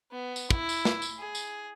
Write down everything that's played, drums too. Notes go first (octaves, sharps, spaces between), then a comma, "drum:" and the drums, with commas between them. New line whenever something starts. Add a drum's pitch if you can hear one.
B3
drum: tambourine
E4, drum: kick
drum: tambourine
drum: snare
drum: tambourine
G#4
drum: tambourine